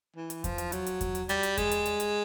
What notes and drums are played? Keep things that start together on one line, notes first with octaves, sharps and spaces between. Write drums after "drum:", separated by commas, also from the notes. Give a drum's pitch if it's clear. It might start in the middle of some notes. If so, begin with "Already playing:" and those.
E3
drum: hi-hat
F3, drum: kick E2, hi-hat
drum: hi-hat
F#3, drum: hi-hat
drum: hi-hat
drum: kick E2, hi-hat
drum: hi-hat
G3, drum: hi-hat
drum: hi-hat
G#3, drum: kick E2, hi-hat
drum: hi-hat
drum: hi-hat
drum: hi-hat